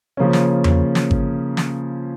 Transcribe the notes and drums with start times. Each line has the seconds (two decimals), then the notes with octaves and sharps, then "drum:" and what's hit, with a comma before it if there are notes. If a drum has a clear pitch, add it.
0.17 C#3 F3 A#3 C#4
0.33 drum: snare
0.64 drum: tom E2
0.95 drum: snare
1.11 drum: kick G#1
1.57 drum: snare